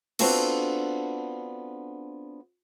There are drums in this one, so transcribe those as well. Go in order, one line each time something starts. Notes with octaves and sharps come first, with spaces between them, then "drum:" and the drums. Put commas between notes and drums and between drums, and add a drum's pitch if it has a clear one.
B3 C4 D4 F4 F#4 A4, drum: cymbal